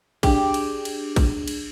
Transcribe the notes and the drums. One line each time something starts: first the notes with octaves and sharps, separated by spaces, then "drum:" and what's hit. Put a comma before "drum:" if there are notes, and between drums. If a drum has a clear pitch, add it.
D4 G4 G#4, drum: kick, cymbal
drum: cymbal
drum: cymbal
drum: kick, cymbal
drum: cymbal